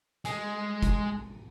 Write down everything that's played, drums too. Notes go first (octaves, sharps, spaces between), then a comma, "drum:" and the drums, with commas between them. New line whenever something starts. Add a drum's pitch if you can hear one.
G#3, drum: hi-hat
drum: kick, hi-hat